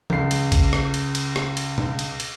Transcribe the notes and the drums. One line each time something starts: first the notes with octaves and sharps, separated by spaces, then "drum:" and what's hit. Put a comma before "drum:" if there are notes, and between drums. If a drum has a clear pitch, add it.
C#2 C7, drum: tom E3
drum: cymbal
drum: kick, cymbal
drum: rim click
drum: cymbal
drum: cymbal
drum: rim click
drum: cymbal
drum: tom B2
drum: cymbal
drum: cymbal